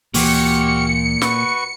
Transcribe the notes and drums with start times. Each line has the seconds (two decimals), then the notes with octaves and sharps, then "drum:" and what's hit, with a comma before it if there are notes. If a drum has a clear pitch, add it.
0.14 D2 A#2 E3 A#3 F#4 G4 F6 C#7, drum: open hi-hat
1.22 F#4 B4 C#6, drum: snare